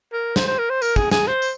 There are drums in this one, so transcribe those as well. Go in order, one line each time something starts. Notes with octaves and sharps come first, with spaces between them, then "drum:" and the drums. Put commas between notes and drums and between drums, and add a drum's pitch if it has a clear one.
A#4
C5, drum: snare
C5
A#4
C5
A#4, drum: tambourine
G#4, drum: kick
G#4, drum: snare
C5
drum: tambourine